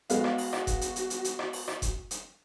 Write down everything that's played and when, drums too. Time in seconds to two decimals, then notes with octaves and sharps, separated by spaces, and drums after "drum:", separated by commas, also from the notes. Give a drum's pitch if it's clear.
0.10 G#3 B3 F#4 F5, drum: hi-hat
0.24 drum: rim click
0.38 drum: open hi-hat
0.53 drum: rim click
0.67 drum: kick F1, hi-hat
0.81 drum: hi-hat
0.96 drum: hi-hat
1.10 drum: hi-hat
1.24 drum: hi-hat
1.39 drum: rim click
1.53 drum: open hi-hat
1.68 drum: rim click
1.82 drum: kick F1, hi-hat
2.11 drum: hi-hat